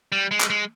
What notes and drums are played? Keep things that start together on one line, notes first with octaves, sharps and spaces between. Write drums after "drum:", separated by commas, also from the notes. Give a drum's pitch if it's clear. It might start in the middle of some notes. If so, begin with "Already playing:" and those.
G3
G#3
drum: clap
G#3